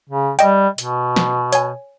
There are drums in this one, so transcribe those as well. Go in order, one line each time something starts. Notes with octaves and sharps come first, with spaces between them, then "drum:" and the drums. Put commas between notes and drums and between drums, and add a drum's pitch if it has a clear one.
C#3
G3 D#5 G5, drum: hi-hat
B2, drum: hi-hat
drum: snare
C#5 G#5, drum: hi-hat